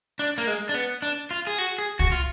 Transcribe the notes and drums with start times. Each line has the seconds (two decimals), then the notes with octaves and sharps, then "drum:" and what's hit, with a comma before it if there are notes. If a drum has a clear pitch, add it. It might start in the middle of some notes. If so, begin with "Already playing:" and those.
0.19 D4
0.38 A#3
0.47 G#3
0.69 D4
0.74 B3
1.02 D4
1.31 F4
1.47 G#4
1.58 F#4
1.78 G#4
1.99 F#4, drum: kick
2.12 F4